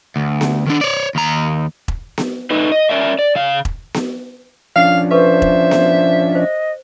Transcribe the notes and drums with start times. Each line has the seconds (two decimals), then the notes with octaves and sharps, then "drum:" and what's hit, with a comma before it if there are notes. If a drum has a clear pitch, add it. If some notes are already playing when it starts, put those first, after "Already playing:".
0.16 D2
0.41 drum: snare B3
0.66 D#3 D4
0.81 C#5 D5
1.15 D#2 A#5
1.88 drum: kick E1
2.18 drum: snare B3
2.50 A3 D#4 B4
2.72 D#5
2.90 C#4 A#4 D5 E5
3.19 D5
3.35 C#3 F5
3.65 drum: kick E1
3.94 drum: snare B3
4.76 F3 C#4 D4 F5
5.11 A4 B4 C5 E5 C#6
5.42 drum: kick E1
5.71 drum: snare B3
6.35 C5 D#5